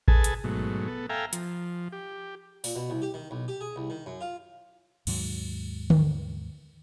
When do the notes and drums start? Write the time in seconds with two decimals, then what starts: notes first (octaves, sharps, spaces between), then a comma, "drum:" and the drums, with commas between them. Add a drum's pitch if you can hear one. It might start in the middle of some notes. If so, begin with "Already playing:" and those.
0.08 G#4 A4 B4 G#5 A5, drum: kick A1
0.24 drum: hi-hat
0.44 G#2 B2 F#3 A3
0.88 B3 A4
1.09 A4 E5 F5 G5 G#5 A#5
1.33 F3, drum: hi-hat
1.92 G4
2.64 A#2, drum: open hi-hat
2.76 B2
2.90 C2
3.02 G4
3.14 D#3
3.31 B1
3.48 G4
3.61 G#4
3.76 C2
3.90 D#3
4.06 F#2
4.21 F4
5.07 D#2 G#2 F#3, drum: cymbal
5.90 drum: tom D3